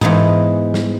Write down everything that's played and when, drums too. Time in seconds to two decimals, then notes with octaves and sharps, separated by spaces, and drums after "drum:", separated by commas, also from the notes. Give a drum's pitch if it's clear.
0.01 G#2 E3 B3 D#4, drum: tom G#2
0.74 drum: snare